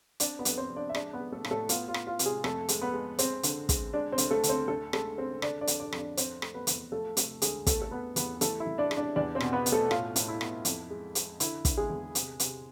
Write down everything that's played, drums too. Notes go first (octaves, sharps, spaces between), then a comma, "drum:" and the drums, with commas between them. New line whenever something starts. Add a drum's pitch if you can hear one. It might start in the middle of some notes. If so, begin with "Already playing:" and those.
C4 D4 D5, drum: hi-hat
B3 B4
F2, drum: hi-hat
C4 C5
F2
D4 D5
E5
G#3 D4 D5, drum: rim click
B3 B4
G#3
A3 A4
A2, drum: rim click
A3 A4
B3 F4, drum: hi-hat
F4
B3, drum: rim click
F4
C3, drum: hi-hat
G#3 G#4
F2 A3 A4, drum: rim click
G#3, drum: hi-hat
B3 B4
G#3
G#3 C4 C5, drum: hi-hat
D3, drum: hi-hat
G#3, drum: kick, hi-hat
G#3 D4 D5
C4 C5
D2, drum: hi-hat
A3 A4
D3, drum: hi-hat
C4 C5
D2 A3 A4
G#3 A3 A4, drum: rim click
G#3 C4 C5
D3 D4 D5, drum: rim click
D4 D5
F2, drum: hi-hat
D4 D5
F2, drum: rim click
D4 D5
C4 C5, drum: hi-hat
A3, drum: rim click
B3 B4
E2, drum: hi-hat
F3 A3 A4
C3 A3 A4, drum: hi-hat
D2 G#3 G#4, drum: hi-hat
E2 A3 A4, drum: kick, hi-hat
A4
A3 B3 B4
E2 B3 B4, drum: hi-hat
E3 A3 A4, drum: hi-hat
E4 E5
E3
D4 D5
G#3, drum: rim click
D4 D5
E2 D4 D5
C4 C5
B2, drum: rim click
B3 B4
B2, drum: hi-hat
A3 A4
A2 F4, drum: rim click
A2, drum: hi-hat
E4
B3, drum: rim click
F2, drum: hi-hat
G#3
G#3, drum: hi-hat
D3 E4, drum: hi-hat
D3, drum: kick, hi-hat
G#3 G#4
E2
C3, drum: hi-hat
C3, drum: hi-hat